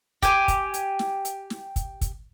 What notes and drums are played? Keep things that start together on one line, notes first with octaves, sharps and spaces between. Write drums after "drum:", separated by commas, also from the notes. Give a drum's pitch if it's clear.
G4 G#5, drum: kick, hi-hat
drum: kick, hi-hat
drum: hi-hat
drum: snare
drum: hi-hat
drum: snare
drum: kick, hi-hat
drum: kick, hi-hat